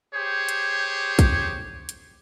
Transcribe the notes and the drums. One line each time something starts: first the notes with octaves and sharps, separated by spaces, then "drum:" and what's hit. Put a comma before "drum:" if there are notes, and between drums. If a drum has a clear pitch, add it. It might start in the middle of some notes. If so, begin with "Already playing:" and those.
G4 G#4 C5 C#5
drum: hi-hat
drum: kick, hi-hat
drum: hi-hat